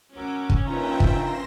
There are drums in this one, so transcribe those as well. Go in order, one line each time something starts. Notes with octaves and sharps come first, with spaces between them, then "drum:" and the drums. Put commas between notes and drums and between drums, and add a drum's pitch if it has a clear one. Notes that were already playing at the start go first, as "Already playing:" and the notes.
C#4 F#4 A#4 D6 E6
drum: kick
A#1 D#4 F4 B4 E5 G5 A#5
drum: kick
C6 A#6 E7